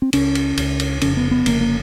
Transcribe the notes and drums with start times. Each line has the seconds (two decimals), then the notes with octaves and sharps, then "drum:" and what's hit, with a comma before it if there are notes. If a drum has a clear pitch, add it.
0.02 C4
0.13 C#2 C#3 C#4, drum: cymbal
0.35 drum: cymbal
0.57 C#2 C#3, drum: cymbal
0.80 drum: cymbal
1.01 F1 F2 C#3 C#4, drum: cymbal
1.17 B3
1.31 B3
1.46 F1 F2 C#3 A#3, drum: cymbal
1.61 A#3